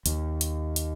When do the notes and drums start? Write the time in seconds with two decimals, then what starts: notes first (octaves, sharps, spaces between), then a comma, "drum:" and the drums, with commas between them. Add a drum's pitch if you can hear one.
0.06 D#2, drum: hi-hat
0.41 drum: hi-hat
0.76 drum: hi-hat